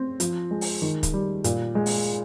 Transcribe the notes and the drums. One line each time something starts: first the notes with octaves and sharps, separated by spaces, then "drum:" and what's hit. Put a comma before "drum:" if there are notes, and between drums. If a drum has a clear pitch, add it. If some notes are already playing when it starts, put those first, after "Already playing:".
Already playing: C4
F3, drum: hi-hat
G#3
drum: open hi-hat
D#3
drum: kick, hi-hat
G3
A#2, drum: hi-hat
G#3
drum: open hi-hat